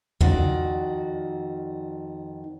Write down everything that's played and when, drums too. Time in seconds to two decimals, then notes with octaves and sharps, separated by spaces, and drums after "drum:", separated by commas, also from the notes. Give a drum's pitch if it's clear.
0.21 F2 D#3 F#4 D5, drum: tom E2